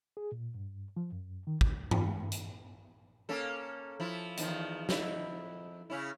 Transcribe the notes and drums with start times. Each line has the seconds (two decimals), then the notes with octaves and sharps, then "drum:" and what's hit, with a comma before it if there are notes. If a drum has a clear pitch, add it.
0.17 G#4
0.32 A#2
0.55 G2
0.97 F3
1.12 F#2
1.47 D#3
1.61 D2, drum: kick
1.91 F4, drum: tom G2
2.06 G#3
2.32 drum: hi-hat
3.29 A#3 C#4 A4
4.00 F3 E4
4.37 E2 D#3 F3, drum: hi-hat
4.89 F2 E4, drum: snare
5.90 C#3 C#4 E4